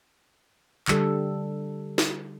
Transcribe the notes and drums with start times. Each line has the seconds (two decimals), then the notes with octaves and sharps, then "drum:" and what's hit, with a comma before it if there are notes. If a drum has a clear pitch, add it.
0.88 D3 G3 A4, drum: clap
1.98 drum: snare